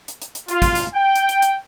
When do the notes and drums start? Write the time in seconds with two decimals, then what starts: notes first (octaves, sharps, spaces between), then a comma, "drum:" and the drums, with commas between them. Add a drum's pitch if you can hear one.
0.08 drum: hi-hat
0.22 drum: hi-hat
0.35 drum: hi-hat
0.48 F4, drum: hi-hat
0.62 drum: kick, hi-hat
0.75 drum: hi-hat
0.93 G5
1.16 drum: hi-hat
1.29 drum: hi-hat
1.42 drum: hi-hat